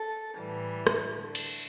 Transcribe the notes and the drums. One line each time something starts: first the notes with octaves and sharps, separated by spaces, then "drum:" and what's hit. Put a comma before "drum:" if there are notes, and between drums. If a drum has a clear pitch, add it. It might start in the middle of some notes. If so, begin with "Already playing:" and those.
Already playing: A4
A2 E3 G3
drum: rim click
D3 A3
drum: cymbal